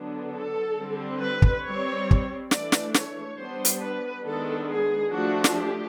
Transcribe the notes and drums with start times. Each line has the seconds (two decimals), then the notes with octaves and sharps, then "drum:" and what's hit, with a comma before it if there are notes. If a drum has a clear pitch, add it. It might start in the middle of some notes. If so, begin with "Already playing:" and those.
Already playing: D3 F#3 B3 D4
0.34 A4
0.77 D3 G3 C4
1.20 B4
1.42 drum: kick
1.64 G3 C4 C#5
2.11 drum: kick
2.51 E3 A3 D4 D5, drum: snare
2.72 drum: snare
2.94 C#5, drum: snare
3.38 G3 B3 D4 C5
3.65 drum: hi-hat
3.81 B4
4.24 D#3 G#3 B3 D4 A4
4.68 G#4
5.12 F3 A3 D4 F#4
5.44 drum: snare
5.55 G4